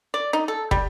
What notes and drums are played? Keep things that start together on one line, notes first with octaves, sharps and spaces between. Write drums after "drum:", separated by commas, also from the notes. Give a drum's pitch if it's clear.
D5
D#4
A4
G3, drum: kick